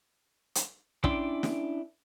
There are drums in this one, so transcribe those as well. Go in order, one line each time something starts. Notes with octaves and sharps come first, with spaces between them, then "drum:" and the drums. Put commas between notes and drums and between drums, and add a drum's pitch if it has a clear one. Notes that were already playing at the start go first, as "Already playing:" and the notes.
drum: hi-hat
C#4 D4 E4 D5 G5 C6, drum: kick
drum: snare